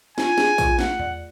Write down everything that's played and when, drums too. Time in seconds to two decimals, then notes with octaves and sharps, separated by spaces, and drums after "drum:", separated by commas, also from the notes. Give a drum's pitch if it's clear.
0.18 F4 G#5, drum: snare
0.38 G#4, drum: snare
0.58 F4, drum: kick, tambourine
0.79 A3 F#5, drum: snare
0.99 D5, drum: tom E2